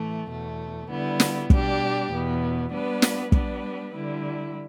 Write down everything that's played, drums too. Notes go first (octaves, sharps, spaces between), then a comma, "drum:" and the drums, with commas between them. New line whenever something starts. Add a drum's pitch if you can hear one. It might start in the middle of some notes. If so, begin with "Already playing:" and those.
Already playing: A2 E3 A3
E2 B2 A3
D3 G3 B3 E4
drum: snare
B2 G3 D4 G4, drum: kick
E2 B2 B3
G3 B3 D4 B4
drum: snare
G3 B3 D4 B4, drum: kick
D3 G3 E4